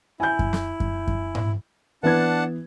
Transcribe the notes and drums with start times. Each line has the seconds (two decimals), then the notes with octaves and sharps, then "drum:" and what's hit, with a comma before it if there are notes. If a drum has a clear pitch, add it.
0.20 E4 G#5 G6
0.39 drum: kick F#2
0.53 drum: snare
0.80 drum: kick F#2
1.07 drum: kick F#2
1.35 drum: tom G#2
2.03 E3 B3 D4 F#5 A5 G#6